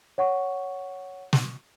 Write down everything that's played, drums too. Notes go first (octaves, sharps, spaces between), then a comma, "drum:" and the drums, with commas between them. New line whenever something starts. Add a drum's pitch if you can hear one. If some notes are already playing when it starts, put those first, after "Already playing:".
C#5 F#5 C#6
drum: snare